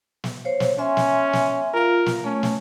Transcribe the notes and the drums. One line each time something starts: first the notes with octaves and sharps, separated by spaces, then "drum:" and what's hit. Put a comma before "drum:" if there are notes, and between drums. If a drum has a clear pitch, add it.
drum: snare
C5 C#5 F5
drum: snare
C#4 E5 G#5 C6
drum: snare
drum: snare
F4 A#4 F5
drum: snare
A3 C#4
drum: snare